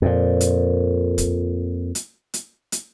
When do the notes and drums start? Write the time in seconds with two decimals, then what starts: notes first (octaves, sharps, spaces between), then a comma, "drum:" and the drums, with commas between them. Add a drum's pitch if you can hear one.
0.02 F2 A#2
0.41 drum: hi-hat
1.18 drum: kick, hi-hat
1.95 drum: hi-hat
2.34 drum: hi-hat
2.72 drum: hi-hat